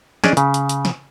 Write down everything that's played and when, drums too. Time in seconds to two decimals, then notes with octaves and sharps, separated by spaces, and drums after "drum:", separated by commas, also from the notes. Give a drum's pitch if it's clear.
0.24 C#4 D4 G#4 D5 D#5, drum: snare
0.37 C#3, drum: hi-hat
0.54 drum: hi-hat
0.69 drum: hi-hat
0.85 drum: snare